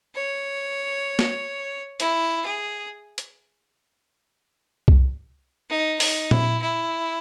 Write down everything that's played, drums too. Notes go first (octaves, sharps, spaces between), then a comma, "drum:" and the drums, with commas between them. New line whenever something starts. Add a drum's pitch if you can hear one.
C#5
drum: snare
E4, drum: hi-hat
G#4
drum: hi-hat
drum: kick C2
D#4
D#4, drum: open hi-hat
E4, drum: tom A#2
E4